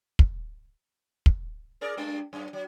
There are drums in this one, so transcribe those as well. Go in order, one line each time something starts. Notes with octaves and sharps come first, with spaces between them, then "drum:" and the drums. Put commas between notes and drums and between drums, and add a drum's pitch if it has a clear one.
drum: kick
drum: kick
G#4 A#4 D5
G2 G#3 D4
F#2
F#3